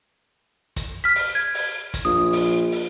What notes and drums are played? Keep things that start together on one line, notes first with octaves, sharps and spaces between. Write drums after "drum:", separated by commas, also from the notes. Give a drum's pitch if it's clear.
drum: kick, hi-hat
F6 B6
drum: open hi-hat
G#6
drum: open hi-hat
drum: kick, hi-hat
A#1 D#6
drum: open hi-hat
drum: open hi-hat